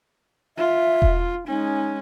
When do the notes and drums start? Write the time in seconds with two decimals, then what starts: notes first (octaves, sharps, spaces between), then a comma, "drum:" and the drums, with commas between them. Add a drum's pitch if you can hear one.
0.58 F4 E5
1.02 drum: kick E1
1.47 G#3 C#4 D#4